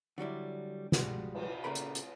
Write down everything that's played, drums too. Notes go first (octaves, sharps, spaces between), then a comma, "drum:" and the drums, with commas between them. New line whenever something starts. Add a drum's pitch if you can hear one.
D3 F#3 G3 E4
F3 G3 G#3 F#4, drum: snare
drum: cymbal
A#2 C#3 A3 A#4 B5
drum: hi-hat
drum: hi-hat